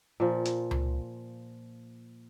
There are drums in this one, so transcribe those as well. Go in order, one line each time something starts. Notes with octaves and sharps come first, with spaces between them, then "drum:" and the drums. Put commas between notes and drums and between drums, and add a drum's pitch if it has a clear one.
A#2 F3
drum: hi-hat
drum: tom C#2